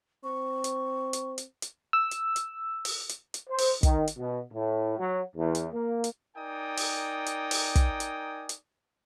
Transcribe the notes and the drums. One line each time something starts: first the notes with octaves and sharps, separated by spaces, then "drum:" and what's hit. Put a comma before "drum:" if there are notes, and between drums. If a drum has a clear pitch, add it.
C4 C#6
drum: hi-hat
drum: hi-hat
drum: hi-hat
drum: hi-hat
E6
drum: hi-hat
drum: hi-hat
drum: open hi-hat
drum: hi-hat
drum: hi-hat
C5
drum: open hi-hat
D#3, drum: kick, hi-hat
drum: hi-hat
B2
A2
F#3
E2
drum: hi-hat
A#3
drum: hi-hat
D#4 A#4 D5 G5 G#5 D#6
drum: open hi-hat
drum: hi-hat
drum: open hi-hat
drum: kick, hi-hat
drum: hi-hat
drum: hi-hat